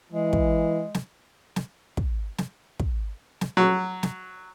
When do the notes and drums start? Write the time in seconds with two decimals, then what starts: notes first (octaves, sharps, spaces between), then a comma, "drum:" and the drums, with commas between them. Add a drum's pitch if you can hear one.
0.12 E3 G#3
0.33 drum: kick
0.94 drum: snare
1.56 drum: snare
1.97 drum: kick
2.38 drum: snare
2.80 drum: kick
3.41 drum: snare
3.57 F#3
4.03 drum: snare